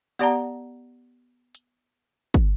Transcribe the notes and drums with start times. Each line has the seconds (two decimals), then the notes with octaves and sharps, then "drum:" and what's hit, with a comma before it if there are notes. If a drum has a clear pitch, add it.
0.19 B3 G4 D5 F#5 A5 A#5, drum: hi-hat
1.55 drum: hi-hat
2.34 drum: kick